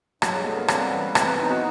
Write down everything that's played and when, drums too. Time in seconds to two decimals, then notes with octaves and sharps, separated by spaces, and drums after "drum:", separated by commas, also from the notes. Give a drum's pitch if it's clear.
0.22 G2 F#3, drum: rim click
0.34 G#3
0.45 A3 B3
0.57 A#3
0.68 G3 C4, drum: rim click
0.92 E3 C#4
1.15 E3 C4, drum: rim click
1.27 B3
1.38 C4 D#4
1.51 F#4